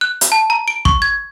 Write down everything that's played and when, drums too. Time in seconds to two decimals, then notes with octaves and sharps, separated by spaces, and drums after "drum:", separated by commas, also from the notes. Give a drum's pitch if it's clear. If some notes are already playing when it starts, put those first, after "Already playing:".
0.01 F#6
0.21 drum: hi-hat
0.32 A5
0.50 A#5
0.68 D7
0.85 C#6, drum: kick
1.02 G#6